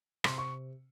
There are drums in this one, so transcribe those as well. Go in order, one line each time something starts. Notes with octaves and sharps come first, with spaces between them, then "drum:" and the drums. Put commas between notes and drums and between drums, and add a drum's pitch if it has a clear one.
C3 C6, drum: rim click
C#6